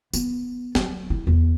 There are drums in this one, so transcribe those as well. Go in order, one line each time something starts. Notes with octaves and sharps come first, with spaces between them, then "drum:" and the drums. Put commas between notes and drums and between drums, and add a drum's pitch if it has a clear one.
B3, drum: tambourine
F#3, drum: snare
E4
E2